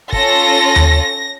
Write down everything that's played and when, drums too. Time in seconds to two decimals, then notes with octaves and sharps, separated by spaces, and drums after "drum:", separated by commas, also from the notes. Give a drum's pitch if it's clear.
0.13 C#4 F4 A4 A#6, drum: kick
0.76 drum: tom D#2